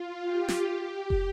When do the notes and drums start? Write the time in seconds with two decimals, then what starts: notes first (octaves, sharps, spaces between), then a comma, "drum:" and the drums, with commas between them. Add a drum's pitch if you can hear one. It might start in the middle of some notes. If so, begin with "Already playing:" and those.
Already playing: F4
0.23 G4
0.48 drum: snare
0.66 G4
1.10 drum: kick